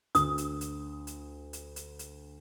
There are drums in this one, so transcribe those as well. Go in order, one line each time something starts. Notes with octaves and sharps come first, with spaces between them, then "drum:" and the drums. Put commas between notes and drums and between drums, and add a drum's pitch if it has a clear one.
D2 D#6, drum: hi-hat
drum: hi-hat
drum: hi-hat
drum: hi-hat
drum: hi-hat
drum: hi-hat
drum: hi-hat